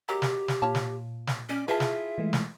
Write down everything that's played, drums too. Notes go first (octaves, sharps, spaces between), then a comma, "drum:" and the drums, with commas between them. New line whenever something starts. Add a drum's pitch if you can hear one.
F#3 G#3 G4 A#4
drum: snare
drum: snare
A#2 F4 C#5 A5
drum: snare
drum: snare
C#4 D5
E4 F4 G#4 B4 E5 A5
drum: snare
E3 G#3 A3
drum: snare